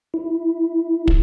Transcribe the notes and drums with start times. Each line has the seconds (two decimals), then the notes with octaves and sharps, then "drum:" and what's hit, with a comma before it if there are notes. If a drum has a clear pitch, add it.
0.14 E4
1.08 drum: kick